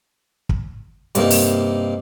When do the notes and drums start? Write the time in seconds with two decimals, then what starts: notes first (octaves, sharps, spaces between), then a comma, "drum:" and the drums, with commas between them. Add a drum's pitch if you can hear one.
0.49 drum: kick
1.15 G2 C3 A#3 D#4, drum: hi-hat
1.31 drum: open hi-hat